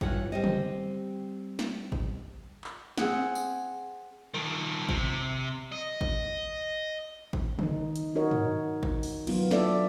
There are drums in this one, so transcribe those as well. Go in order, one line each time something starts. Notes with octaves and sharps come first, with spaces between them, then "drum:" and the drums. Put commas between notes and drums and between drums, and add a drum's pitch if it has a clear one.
G2 E3 F4 C#5 F#5, drum: kick A1
G3 C4 D#5
drum: tom C#3
drum: snare
drum: kick A1
drum: clap
C4 G#4 F#5, drum: snare
drum: tambourine
D#3 F3, drum: rim click
C3, drum: kick A1
D#5
drum: kick A1
drum: kick A1
D#3 D#4, drum: tom C#3
drum: hi-hat
D#4 F#4 A#4 C#5 D#5
drum: tom G2
drum: kick A1
drum: open hi-hat
F#3 B3 F4, drum: cymbal
D4 A4 D5 E5, drum: snare